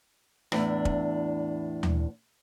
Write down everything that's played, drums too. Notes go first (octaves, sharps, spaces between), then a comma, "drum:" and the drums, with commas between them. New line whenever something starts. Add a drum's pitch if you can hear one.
E2 A2 D4, drum: rim click
drum: kick
drum: tom D#2